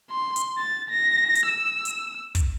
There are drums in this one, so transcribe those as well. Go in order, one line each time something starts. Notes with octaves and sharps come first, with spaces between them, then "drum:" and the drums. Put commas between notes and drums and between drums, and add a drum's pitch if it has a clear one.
C6
drum: hi-hat
A6
A#6
drum: hi-hat
E6
drum: hi-hat
drum: kick, hi-hat